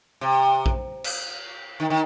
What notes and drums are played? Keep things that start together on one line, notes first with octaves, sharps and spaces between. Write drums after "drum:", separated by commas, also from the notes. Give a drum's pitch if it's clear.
C3
drum: kick A#1
drum: cymbal
D#3
D#3